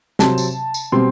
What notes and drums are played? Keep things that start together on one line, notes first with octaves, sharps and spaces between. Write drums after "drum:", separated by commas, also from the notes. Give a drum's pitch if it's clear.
C3 F#3 C4 A5, drum: snare
drum: tambourine
drum: tambourine
B2 G3 C4 C6